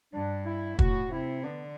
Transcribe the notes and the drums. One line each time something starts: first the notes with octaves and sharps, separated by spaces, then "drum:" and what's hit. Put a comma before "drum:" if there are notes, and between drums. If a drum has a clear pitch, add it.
G2 D4
E4
A2 F#4, drum: kick
C3 E4
D3 B3